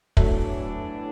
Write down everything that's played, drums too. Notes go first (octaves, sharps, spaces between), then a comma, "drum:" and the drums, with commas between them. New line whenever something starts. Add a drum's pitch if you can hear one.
A2 E3 F#3 A3 B3 D4, drum: kick